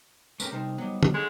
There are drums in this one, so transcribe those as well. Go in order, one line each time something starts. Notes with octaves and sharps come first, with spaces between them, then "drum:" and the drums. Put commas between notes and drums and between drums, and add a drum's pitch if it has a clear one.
A3 C4 C#4 G4 A#4 B4, drum: tambourine
C3 G3 D#4 A#4 C5 A5
F#3 G3 B3 D#4
drum: tom
D3 G#3